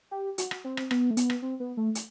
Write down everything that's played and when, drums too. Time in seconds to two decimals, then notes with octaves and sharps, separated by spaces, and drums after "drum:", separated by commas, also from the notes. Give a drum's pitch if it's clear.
0.11 G4
0.38 F#4, drum: hi-hat
0.51 drum: rim click
0.64 C4
0.77 drum: rim click
0.91 B3, drum: rim click
1.11 A3
1.17 B3, drum: hi-hat
1.30 drum: rim click
1.42 C4
1.60 B3
1.77 A3
1.95 drum: hi-hat